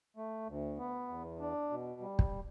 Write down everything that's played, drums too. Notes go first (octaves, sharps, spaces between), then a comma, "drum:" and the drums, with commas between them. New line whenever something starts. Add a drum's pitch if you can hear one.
A3
D2
B3
E2
D4
B2
G3
drum: kick